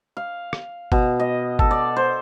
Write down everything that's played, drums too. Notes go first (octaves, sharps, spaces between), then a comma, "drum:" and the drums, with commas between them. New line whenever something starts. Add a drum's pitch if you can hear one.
F5
drum: rim click
B2, drum: kick G1
D#5
A4, drum: kick G1
D5
C5